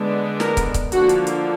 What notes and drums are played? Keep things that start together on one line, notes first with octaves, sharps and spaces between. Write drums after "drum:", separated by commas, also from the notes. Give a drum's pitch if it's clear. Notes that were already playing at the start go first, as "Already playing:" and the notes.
Already playing: D3 G#3 B3 D4
A#4, drum: snare
drum: kick, hi-hat
drum: kick, hi-hat
D3 F3 A#3 F#4, drum: hi-hat
drum: hi-hat
drum: hi-hat